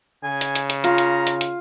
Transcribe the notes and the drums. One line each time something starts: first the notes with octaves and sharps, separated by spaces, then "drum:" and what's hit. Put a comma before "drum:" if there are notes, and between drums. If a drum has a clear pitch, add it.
C#3 G#5
drum: hi-hat
drum: hi-hat
drum: hi-hat
F4 A#5, drum: hi-hat
drum: hi-hat
drum: hi-hat
drum: hi-hat